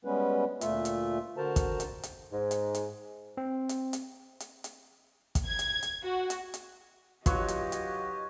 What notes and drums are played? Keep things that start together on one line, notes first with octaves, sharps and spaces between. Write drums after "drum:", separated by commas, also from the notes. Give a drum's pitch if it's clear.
G3 G#3 B3 C#4 B4
D2 A#2 A3 F4 E5, drum: hi-hat
drum: hi-hat
D3 F#4 A#4 C5 A5 A#5
drum: kick, hi-hat
drum: hi-hat
drum: hi-hat
G#2
drum: hi-hat
drum: hi-hat
C4
drum: hi-hat
drum: hi-hat
drum: hi-hat
drum: hi-hat
drum: kick, hi-hat
G#6
drum: hi-hat
drum: hi-hat
F#4
drum: hi-hat
drum: hi-hat
F#3 D#4 F4 G4 B4 C#5 D#5, drum: kick, hi-hat
drum: hi-hat
drum: hi-hat